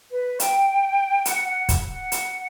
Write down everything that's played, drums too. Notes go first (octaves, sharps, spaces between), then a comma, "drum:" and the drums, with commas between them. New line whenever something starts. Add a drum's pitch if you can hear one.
B4
G5, drum: hi-hat
F#5, drum: hi-hat
F#5
drum: kick, hi-hat
F#5
drum: hi-hat